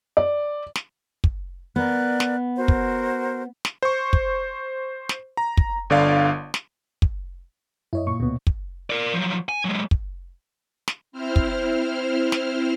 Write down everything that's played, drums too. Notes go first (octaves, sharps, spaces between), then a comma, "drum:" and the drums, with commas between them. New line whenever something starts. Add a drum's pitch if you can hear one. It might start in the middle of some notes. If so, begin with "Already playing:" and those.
D5
drum: snare
drum: kick
B3 A#4 D5 F#6
drum: snare
F#4 A#4 C5
drum: kick
drum: snare
C5 C#6
drum: kick
drum: snare
A#5
drum: kick
G1 D3 D5 F5
drum: snare
drum: kick
F#2 E4 C#5 D#5
A#2 C#6
D2 B2 B3
drum: kick
A#4 D5
F3 F#3
G#5
F#3 G#3
drum: kick
drum: snare
C4 E4 C5 F6
drum: kick
drum: snare